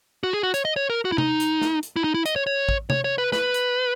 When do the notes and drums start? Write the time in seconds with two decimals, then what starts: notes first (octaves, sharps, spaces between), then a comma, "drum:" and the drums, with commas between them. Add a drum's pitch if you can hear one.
0.23 F#4
0.33 G#4
0.43 F#4
0.54 C#5, drum: hi-hat
0.65 D#5
0.76 C#5
0.90 A#4
1.05 F#4
1.12 E4
1.18 D#4, drum: tom C3
1.40 drum: hi-hat
1.61 drum: snare
1.83 drum: hi-hat
1.96 E4
2.04 D#4
2.14 E4
2.26 D#5, drum: hi-hat
2.36 C#5
2.47 C#5
2.69 drum: kick A1
2.90 C#5, drum: tom C3
3.04 C#5
3.18 B4
3.32 B4, drum: snare
3.54 drum: hi-hat